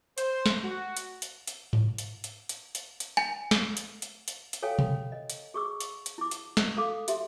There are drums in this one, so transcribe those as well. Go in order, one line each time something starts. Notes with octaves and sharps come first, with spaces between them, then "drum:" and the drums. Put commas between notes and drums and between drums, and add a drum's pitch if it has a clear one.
C5, drum: hi-hat
drum: snare
F#4
drum: hi-hat
drum: hi-hat
drum: hi-hat
drum: tom G#2
drum: hi-hat
drum: hi-hat
drum: hi-hat
drum: hi-hat
drum: hi-hat
G#5
drum: snare
drum: hi-hat
drum: hi-hat
drum: hi-hat
drum: hi-hat
A4 C#5 F5 G5 G#5
drum: tom B2
D#5
drum: hi-hat
G#4 C#6 D6 E6
drum: hi-hat
drum: hi-hat
E4 D6
drum: hi-hat
drum: snare
A4 F5 D6
G4 E5 C6, drum: hi-hat